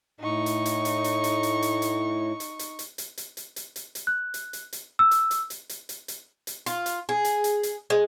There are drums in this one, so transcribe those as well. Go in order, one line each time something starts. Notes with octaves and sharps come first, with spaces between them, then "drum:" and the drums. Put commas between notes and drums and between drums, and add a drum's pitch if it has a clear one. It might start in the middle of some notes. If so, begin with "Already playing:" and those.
A2 D#4 C#6
drum: hi-hat
drum: hi-hat
drum: hi-hat
drum: hi-hat
drum: hi-hat
drum: hi-hat
drum: hi-hat
drum: hi-hat
drum: hi-hat
drum: hi-hat
drum: hi-hat
drum: hi-hat
drum: hi-hat
drum: hi-hat
drum: hi-hat
drum: hi-hat
drum: hi-hat
F#6
drum: hi-hat
drum: hi-hat
drum: hi-hat
E6
drum: hi-hat
drum: hi-hat
drum: hi-hat
drum: hi-hat
drum: hi-hat
drum: hi-hat
drum: hi-hat
F4, drum: hi-hat
drum: hi-hat
G#4
drum: hi-hat
drum: hi-hat
drum: hi-hat
G#3